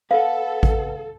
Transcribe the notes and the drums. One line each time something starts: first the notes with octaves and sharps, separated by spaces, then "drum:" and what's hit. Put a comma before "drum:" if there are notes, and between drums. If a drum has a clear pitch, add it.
A4 B4 F5 F#5
drum: kick A1